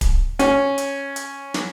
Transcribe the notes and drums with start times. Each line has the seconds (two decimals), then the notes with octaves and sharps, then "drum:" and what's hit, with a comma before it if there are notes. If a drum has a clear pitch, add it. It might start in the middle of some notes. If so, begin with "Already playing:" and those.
0.01 drum: kick D1, hi-hat
0.39 C#4, drum: hi-hat
0.78 drum: hi-hat
1.16 drum: hi-hat
1.54 drum: snare